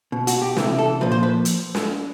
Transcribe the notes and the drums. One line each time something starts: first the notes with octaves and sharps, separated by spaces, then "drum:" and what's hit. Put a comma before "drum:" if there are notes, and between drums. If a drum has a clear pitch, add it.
B2
F#4, drum: hi-hat
G4
C3 E3, drum: snare
A4
A#2 F3 B4
C5
B4
drum: hi-hat
drum: snare